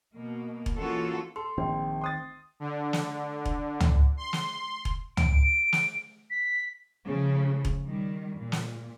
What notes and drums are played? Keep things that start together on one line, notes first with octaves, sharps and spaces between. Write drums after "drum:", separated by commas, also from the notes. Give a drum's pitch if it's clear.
B2 A#3
drum: kick E1
E3 A#3 C#4 F4 F#4 A4
A4 C6
A#1 D#3 C4 G5
C6 D#6 A6
D3
drum: snare
drum: kick E1
drum: tom
C6
drum: snare
drum: kick E1
D7, drum: tom
drum: snare
B6
C#3 F3 A3
drum: kick E1
D#3 G3
A#2
drum: snare